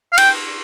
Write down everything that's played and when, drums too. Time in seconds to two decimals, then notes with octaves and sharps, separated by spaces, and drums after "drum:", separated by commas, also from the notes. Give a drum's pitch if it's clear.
0.13 F5
0.18 G5, drum: cymbal